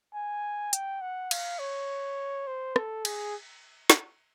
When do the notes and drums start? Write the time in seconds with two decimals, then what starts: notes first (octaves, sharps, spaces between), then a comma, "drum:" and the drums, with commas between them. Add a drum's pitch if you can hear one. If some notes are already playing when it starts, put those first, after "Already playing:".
0.14 G#5
0.73 G5, drum: hi-hat
1.02 F#5
1.31 F5, drum: cymbal
1.59 C#5
2.47 C5
2.76 A4, drum: rim click
3.05 G#4, drum: cymbal
3.90 drum: snare